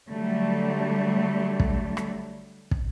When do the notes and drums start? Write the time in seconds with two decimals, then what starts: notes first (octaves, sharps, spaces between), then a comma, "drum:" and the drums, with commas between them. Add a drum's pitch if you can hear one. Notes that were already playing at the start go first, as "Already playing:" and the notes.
0.10 D3 F#3 G3 A3
1.60 drum: kick
1.97 drum: rim click
2.71 drum: kick